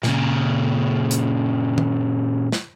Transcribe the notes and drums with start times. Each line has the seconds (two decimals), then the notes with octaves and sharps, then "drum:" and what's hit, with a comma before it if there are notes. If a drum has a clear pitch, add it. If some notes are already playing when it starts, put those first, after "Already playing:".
0.03 A#2 C#3, drum: snare
1.11 drum: hi-hat
1.78 drum: tom D#3
2.52 drum: snare